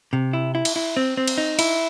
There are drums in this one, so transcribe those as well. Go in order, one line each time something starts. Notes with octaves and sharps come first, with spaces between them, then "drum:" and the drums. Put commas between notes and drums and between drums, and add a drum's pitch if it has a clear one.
C3
E4
E4
drum: cymbal
E4
C4
C4
drum: cymbal
D#4
E4, drum: cymbal